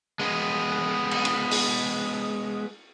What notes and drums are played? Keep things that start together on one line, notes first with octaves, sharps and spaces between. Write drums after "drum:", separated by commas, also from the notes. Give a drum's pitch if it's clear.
G#3 B3
drum: cymbal
drum: cymbal
drum: open hi-hat